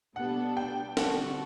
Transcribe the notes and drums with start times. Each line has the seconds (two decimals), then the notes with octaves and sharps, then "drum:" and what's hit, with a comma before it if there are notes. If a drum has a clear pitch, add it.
0.15 B2 G3 B3 D4 A4 F#5
0.57 G5
0.97 D3 G3 C4 F#4 A4 F#5, drum: snare